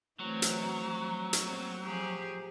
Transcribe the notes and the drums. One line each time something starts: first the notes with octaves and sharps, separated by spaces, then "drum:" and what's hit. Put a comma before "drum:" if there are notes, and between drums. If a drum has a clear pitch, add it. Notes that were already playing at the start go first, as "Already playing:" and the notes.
E3 F#3 A3 C4
drum: hi-hat
F3
drum: hi-hat
A#3 C4
F3 G4 G#4